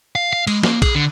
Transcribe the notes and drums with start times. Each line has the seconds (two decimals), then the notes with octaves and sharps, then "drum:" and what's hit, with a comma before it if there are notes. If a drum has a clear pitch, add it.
0.15 F5
0.33 F5
0.47 G#3, drum: cymbal
0.63 A#3, drum: snare
0.82 G#4, drum: kick A#1, cymbal
0.95 D3